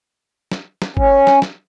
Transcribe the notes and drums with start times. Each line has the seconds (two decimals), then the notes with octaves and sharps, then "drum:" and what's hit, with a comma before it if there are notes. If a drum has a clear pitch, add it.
0.52 drum: snare
0.82 drum: snare
0.97 C#4, drum: kick
1.27 drum: snare
1.42 drum: snare